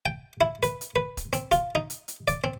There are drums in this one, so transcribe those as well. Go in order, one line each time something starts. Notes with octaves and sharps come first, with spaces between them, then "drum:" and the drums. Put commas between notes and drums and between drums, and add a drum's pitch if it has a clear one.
G5
E4
B4, drum: hi-hat
drum: hi-hat
B4
drum: kick, hi-hat
C4, drum: hi-hat
F4, drum: kick, hi-hat
D#4
drum: hi-hat
drum: hi-hat
D5, drum: kick, hi-hat
C4